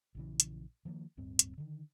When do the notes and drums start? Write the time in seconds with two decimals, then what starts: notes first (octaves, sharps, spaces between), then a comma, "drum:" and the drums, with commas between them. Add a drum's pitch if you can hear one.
0.15 A#1 C#3 E3
0.40 drum: hi-hat
0.85 D#3 F3 A3 A#3
1.17 D1 G2 C4
1.39 drum: hi-hat
1.58 D3 D#3